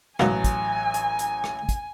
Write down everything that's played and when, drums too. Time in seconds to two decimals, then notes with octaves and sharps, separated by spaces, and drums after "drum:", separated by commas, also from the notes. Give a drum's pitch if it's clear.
0.19 A1 G#2 B2 F#3 A#3 G#5, drum: rim click
0.44 drum: kick, hi-hat
0.94 drum: hi-hat
1.19 drum: hi-hat
1.44 drum: rim click
1.69 drum: kick, hi-hat